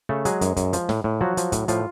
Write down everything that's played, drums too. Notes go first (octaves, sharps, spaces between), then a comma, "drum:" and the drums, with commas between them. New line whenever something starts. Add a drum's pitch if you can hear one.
C#3 A3 A4
F#3 G#3 G#4, drum: hi-hat
F#2, drum: hi-hat
F#2, drum: kick, hi-hat
F3, drum: hi-hat
A2, drum: snare
A2
F3 F#3 F#4
F3, drum: hi-hat
A2, drum: kick, hi-hat
A2 F3 F4, drum: hi-hat